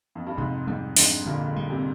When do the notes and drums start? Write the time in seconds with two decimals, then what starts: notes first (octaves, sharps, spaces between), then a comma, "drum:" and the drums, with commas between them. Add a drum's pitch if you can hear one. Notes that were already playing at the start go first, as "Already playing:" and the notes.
0.15 F2
0.27 G2
0.37 F2 G#2 C3
0.67 F2 G#2 G3
0.97 F2 G#2 D4, drum: open hi-hat
1.26 G2 A#2 D3
1.56 G3
1.70 C3